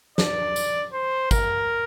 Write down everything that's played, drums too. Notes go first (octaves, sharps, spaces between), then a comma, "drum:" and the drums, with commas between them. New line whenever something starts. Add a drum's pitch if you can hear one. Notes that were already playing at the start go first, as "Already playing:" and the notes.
D5, drum: snare
drum: tambourine
C5
A#4, drum: kick, tambourine